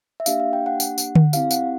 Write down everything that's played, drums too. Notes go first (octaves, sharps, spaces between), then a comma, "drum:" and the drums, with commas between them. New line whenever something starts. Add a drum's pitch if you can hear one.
E5
A#3 D4 G4 F5, drum: tambourine
F5
G5
F#5
drum: tambourine
drum: tambourine
drum: tom D3
C4 E4 G4 F5, drum: tambourine
F#5, drum: tambourine